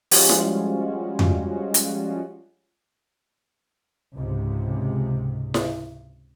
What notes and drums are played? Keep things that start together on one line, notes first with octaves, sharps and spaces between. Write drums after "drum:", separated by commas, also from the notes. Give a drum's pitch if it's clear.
F3 G3 G#3 C#4 F4 F#4, drum: open hi-hat
drum: snare E4
drum: tom F2
drum: hi-hat
C#2 G#2 C3
drum: snare E4